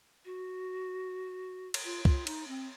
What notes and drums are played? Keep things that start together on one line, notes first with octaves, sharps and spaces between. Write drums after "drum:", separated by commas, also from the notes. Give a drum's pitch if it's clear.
F#4
drum: cymbal
F4
F4, drum: kick
D#4, drum: cymbal
C4